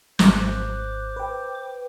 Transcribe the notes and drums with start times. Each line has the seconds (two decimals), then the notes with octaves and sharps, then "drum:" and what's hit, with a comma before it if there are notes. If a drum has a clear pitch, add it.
0.19 G#1 C5 D6 F#6, drum: snare
1.16 B4 G5